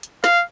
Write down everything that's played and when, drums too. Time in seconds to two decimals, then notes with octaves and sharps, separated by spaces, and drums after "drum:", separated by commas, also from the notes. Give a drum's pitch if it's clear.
0.03 drum: hi-hat
0.24 F5, drum: snare